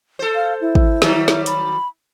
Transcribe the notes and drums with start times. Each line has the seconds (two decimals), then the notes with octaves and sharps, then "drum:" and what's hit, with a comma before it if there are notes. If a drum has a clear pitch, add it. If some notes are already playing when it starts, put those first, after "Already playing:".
0.19 A4 C5
0.35 F5
0.61 E4
0.75 drum: kick
1.02 D#3 F#3 G3, drum: snare
1.28 drum: snare
1.46 B5, drum: hi-hat